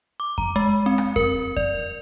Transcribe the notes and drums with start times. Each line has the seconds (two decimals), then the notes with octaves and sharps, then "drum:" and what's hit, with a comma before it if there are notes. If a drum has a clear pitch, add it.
0.20 D6
0.38 A#5, drum: kick F2
0.56 G#3
0.86 C4
0.98 drum: rim click
1.16 A#4, drum: kick F2
1.57 D5, drum: kick F2